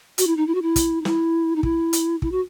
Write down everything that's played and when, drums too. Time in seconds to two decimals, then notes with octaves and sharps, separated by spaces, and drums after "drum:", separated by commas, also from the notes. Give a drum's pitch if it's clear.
0.18 F#4, drum: hi-hat
0.27 E4
0.37 D#4
0.47 E4
0.54 F#4
0.62 E4
0.76 drum: kick, hi-hat
1.01 D#4
1.05 E4, drum: snare
1.56 D#4
1.63 E4, drum: kick
1.93 drum: hi-hat
2.22 E4, drum: kick
2.31 F#4